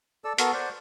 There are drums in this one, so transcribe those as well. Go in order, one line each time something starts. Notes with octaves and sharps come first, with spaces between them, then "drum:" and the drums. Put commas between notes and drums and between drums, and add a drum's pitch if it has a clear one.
A4 D5 E6
B3 F#4 A4 A#4, drum: hi-hat
C5 D5 F#5